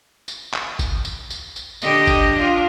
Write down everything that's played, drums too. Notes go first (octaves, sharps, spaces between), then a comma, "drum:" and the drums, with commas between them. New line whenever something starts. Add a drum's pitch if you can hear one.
drum: tambourine
drum: clap
drum: kick G1, tambourine
drum: tambourine
drum: tambourine
drum: tambourine
D3 G4 D#5, drum: tambourine
drum: kick G1, tambourine
D4 F4